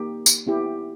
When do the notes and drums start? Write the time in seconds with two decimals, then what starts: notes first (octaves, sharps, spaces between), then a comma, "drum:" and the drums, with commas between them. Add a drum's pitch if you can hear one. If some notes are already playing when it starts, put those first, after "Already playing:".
Already playing: A#3 D#4 G4
0.26 drum: tambourine
0.47 B3 E4 G4